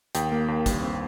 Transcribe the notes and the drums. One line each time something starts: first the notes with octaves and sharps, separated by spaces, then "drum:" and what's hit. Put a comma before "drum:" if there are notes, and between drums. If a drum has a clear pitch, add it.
D#2 G5, drum: hi-hat
A#3
D#2
G2, drum: kick, hi-hat
C4